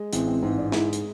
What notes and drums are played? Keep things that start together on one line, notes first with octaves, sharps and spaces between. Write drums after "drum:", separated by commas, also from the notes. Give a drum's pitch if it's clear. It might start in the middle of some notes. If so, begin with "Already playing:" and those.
Already playing: G#3
A1 C4, drum: hi-hat
C4
G#2 C4
D4
G#3 E4, drum: snare
drum: hi-hat